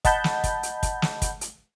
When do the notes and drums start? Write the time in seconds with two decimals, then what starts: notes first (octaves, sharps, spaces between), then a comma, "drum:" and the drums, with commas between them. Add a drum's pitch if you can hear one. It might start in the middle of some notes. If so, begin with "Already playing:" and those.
0.05 D#5 F#5 A5 B5 G6, drum: kick, hi-hat
0.24 drum: snare
0.44 drum: kick, hi-hat
0.63 drum: hi-hat
0.83 drum: kick, hi-hat
1.02 drum: snare
1.22 drum: kick, hi-hat
1.41 drum: hi-hat